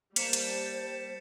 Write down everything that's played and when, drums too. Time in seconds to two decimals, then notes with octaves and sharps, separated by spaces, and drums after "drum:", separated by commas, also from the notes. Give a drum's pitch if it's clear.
0.16 G3 A#3 C5 A5 B6 C#7 E7, drum: hi-hat
0.33 drum: hi-hat